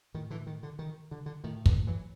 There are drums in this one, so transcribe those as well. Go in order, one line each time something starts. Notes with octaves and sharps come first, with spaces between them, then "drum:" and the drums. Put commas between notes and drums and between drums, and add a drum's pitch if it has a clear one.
A2 D#3
D3 E3
D#3
D3
D#3
D3
D3
A2 D#3
D3 E3, drum: kick
E3 F#3